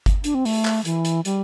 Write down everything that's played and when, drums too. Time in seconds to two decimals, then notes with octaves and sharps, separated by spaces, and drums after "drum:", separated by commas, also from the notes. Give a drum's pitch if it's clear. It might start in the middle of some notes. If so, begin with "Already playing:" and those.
0.06 drum: kick G1, hi-hat
0.24 D4, drum: hi-hat
0.35 C4
0.45 A3, drum: open hi-hat
0.65 drum: clap
0.85 E3, drum: hi-hat
1.05 drum: hi-hat
1.25 G3, drum: hi-hat